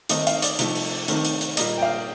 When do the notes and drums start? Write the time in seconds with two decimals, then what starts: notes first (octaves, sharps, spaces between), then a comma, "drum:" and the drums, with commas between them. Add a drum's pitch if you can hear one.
0.09 D#3 A3 C4 D#4 D#5, drum: hi-hat
0.27 F5, drum: hi-hat
0.42 D5, drum: hi-hat
0.59 C3 F3 A3 D#4, drum: hi-hat
0.76 drum: open hi-hat
1.08 D#3 A3 C4 D#4, drum: hi-hat
1.25 drum: hi-hat
1.41 drum: hi-hat
1.57 A#2 G3 A#3 D#5, drum: hi-hat
1.78 G5
1.83 F5